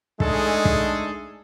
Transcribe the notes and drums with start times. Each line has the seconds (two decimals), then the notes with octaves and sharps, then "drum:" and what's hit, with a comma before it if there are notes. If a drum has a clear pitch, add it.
0.20 G#3 A3 D4 D#4 G#4 A4, drum: kick
0.65 drum: kick